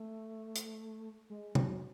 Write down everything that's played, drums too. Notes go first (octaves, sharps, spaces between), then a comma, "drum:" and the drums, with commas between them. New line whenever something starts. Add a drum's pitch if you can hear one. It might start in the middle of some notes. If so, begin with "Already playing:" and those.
Already playing: A3
drum: hi-hat
G#3
F#3, drum: tom